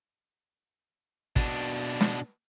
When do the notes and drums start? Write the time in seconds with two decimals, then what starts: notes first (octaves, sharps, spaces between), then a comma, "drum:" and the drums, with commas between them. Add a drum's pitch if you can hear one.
1.36 B2 D4, drum: kick
2.01 drum: snare